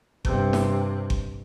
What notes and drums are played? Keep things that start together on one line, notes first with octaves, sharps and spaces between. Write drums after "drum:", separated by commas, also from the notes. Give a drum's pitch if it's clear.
G2 C3, drum: kick G1
drum: snare
drum: kick G1